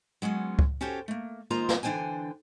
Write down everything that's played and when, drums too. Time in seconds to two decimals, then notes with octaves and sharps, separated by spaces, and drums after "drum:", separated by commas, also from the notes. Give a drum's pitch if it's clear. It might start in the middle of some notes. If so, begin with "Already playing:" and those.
0.22 F#3 G#3 B3 C#4
0.59 drum: kick C#2
0.81 C#4 F#4 G4 A4 C5 C#5
1.08 A3 A#3
1.50 D#3 G#3 A#3 F4 C5 A#5
1.69 drum: snare
1.83 D3 E3 D4 C5 G5 G#5